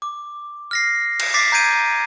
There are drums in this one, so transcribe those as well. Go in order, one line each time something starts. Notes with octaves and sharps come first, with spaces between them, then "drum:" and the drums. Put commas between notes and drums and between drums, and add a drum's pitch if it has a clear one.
D6
F6 A#6 C7
drum: cymbal
D6 A6 B6 C7
A#5 G6 G#6 D7 D#7